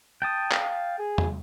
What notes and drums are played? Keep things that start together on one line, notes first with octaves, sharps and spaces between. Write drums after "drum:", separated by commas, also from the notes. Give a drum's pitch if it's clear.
G5 A5 D#6
F5, drum: clap
G#4
drum: tom E2